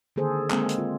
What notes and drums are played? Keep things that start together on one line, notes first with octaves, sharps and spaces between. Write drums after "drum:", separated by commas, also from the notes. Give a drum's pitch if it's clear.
D3 D#3 A#3 G#4 A4 C5
G#3 A#3 C4, drum: clap
drum: hi-hat
F4